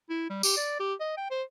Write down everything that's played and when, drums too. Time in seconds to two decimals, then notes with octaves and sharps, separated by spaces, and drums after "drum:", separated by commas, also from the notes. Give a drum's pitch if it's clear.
0.10 E4
0.30 G3
0.43 G4, drum: tambourine
0.57 D5
0.80 G4
1.00 D#5
1.17 G5
1.31 C5